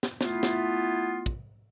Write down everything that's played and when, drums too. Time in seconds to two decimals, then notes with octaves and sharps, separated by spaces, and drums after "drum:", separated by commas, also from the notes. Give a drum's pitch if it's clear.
0.03 drum: snare
0.21 A3 B3 E4 F4, drum: snare
0.43 drum: snare
1.26 drum: kick